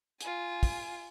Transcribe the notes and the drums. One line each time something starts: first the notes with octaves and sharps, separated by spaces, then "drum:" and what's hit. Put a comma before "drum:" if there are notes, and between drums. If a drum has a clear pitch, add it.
F4 G#5, drum: hi-hat
drum: kick, open hi-hat